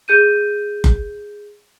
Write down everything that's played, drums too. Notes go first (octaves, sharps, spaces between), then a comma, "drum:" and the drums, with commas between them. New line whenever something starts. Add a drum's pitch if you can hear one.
G#4 G6 D#7
drum: kick F#1